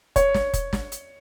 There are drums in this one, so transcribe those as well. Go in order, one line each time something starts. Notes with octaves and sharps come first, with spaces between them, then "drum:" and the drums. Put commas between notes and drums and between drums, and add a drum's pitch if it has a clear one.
C#5, drum: kick, hi-hat
drum: snare
drum: kick, hi-hat
drum: snare
drum: hi-hat